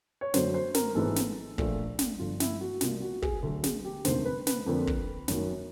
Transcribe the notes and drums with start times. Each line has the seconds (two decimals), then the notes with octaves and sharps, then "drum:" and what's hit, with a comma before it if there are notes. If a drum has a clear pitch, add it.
0.21 C#5
0.34 F#2 D3 F#3 C5, drum: snare
0.54 C5
0.74 A#4, drum: snare
0.95 G#1 G#2 E3 G#3 B3 A4
1.16 drum: snare
1.58 A#1 A#2 F3 A3, drum: kick
1.99 drum: snare
2.19 G1 G2 D3 F3 F4
2.40 E4, drum: snare
2.61 F#4
2.81 C2 B2 G3 A#3 F4, drum: snare
3.02 F#4
3.22 G#4, drum: kick
3.43 D2 D3 F#3 A4
3.64 G#4, drum: snare
3.84 G4
4.05 E1 D2 C3 D#3 C5, drum: snare
4.25 B4
4.47 B4, drum: snare
4.66 F2 D3 F3 A#3
4.87 drum: kick
5.28 F#2 D#3 F#3, drum: snare